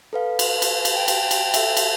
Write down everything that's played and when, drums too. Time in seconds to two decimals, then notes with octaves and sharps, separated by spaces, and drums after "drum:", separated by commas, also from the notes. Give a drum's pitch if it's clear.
0.13 A4 B4 F5
0.39 drum: cymbal
0.62 drum: cymbal
0.85 drum: cymbal
0.95 G5
1.08 drum: cymbal
1.31 drum: cymbal
1.54 A4 E5, drum: cymbal
1.77 drum: cymbal